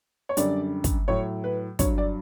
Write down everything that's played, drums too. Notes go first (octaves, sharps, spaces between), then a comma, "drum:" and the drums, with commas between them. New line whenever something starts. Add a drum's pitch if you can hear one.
C#5
F#2 D3 G3 D5, drum: hi-hat
drum: kick, hi-hat
A2 F#3 C#5
B4
G2 F#3 C#5, drum: kick, hi-hat
D5